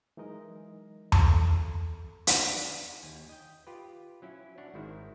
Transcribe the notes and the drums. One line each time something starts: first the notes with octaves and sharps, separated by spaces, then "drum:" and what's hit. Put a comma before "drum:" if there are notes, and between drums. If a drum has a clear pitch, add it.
E3 F#3 G#3 D#4 A#4 D#5
drum: tom E2
A4
D#4 D5, drum: hi-hat
D#2 G#5
D#5 G5
F4 G4 B4
F#3 C#4 E4
D4 C#5 F#5
G#1 G#2 D#3 E4 F#4